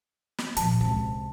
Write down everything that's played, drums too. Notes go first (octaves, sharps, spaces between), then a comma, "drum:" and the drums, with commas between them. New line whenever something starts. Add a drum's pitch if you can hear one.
drum: snare
A#2 F3 A5, drum: hi-hat
C#2 C3